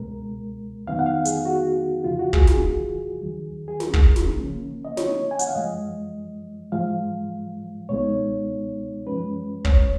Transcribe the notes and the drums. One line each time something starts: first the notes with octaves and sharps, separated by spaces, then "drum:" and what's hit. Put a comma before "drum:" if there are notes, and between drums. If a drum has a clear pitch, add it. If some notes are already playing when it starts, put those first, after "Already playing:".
Already playing: C#2 B2 G#3 A#4
F2 D#3 F#3 B3 D#4 F5
F#5
F5
G#4, drum: hi-hat
F#4
F2 C#3 F3 F4
F#4
G#4, drum: kick
G#4, drum: snare
D#2 D#3 F#3
G#4
A#4, drum: snare
drum: kick
drum: snare
C#3 F3 A#3 C#4
D#5
C#5, drum: snare
G#5
F#5, drum: hi-hat
F5
F#2 F3 G#3 D#5
G#2 F3 G#3 F5
C#2 B2 G#3 B3 D#4 C#5
F#2 F3 G#3 C#4 B4
C#5, drum: kick